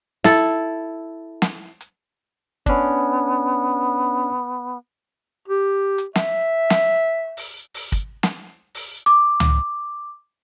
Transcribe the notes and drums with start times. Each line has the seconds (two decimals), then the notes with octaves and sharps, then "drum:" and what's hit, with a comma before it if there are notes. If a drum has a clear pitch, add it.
0.24 E4 A4, drum: snare
1.42 drum: snare
1.81 drum: hi-hat
2.66 B3 C#4 D4, drum: kick
5.48 G4
5.98 drum: hi-hat
6.16 E5, drum: snare
6.70 drum: snare
7.37 drum: open hi-hat
7.74 drum: open hi-hat
7.92 drum: kick
8.23 drum: snare
8.75 drum: open hi-hat
9.06 D6, drum: hi-hat
9.40 drum: tom C#2